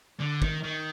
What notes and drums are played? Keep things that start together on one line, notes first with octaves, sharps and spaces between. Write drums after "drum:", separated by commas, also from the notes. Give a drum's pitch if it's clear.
D3
D#3, drum: kick
D#3